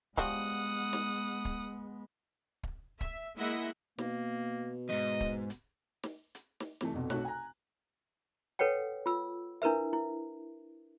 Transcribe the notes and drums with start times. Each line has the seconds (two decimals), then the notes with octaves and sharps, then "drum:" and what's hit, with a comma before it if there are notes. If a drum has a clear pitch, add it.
0.17 F3 G3 G#3 B3 F#4 F#5 D#6, drum: kick
0.93 drum: snare
1.45 drum: kick
2.63 drum: kick
3.01 E5, drum: kick
3.36 G#3 A#3 E4 D#5 E5 F#5
3.98 B2 A#3, drum: snare
4.89 E2 G#2 D#5
5.21 drum: kick
5.50 drum: hi-hat
6.03 drum: snare
6.35 drum: hi-hat
6.60 drum: snare
6.81 C3 E3 A3, drum: snare
6.93 F1 F2 B2
7.10 B1 C3 A3 F#4 C#5 F#6, drum: snare
7.25 G#5 A#5
8.59 A4 B4 C#5 F#5 G5
9.06 F4 E6
9.62 D4 E4 A#4 B4 E5
9.93 E4